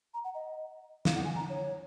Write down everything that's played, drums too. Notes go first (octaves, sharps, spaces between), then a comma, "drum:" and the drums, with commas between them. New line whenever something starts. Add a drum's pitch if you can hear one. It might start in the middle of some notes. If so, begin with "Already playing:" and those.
A#5
F#5
D#5
F5, drum: snare
F#5
G#5
A#5
C#5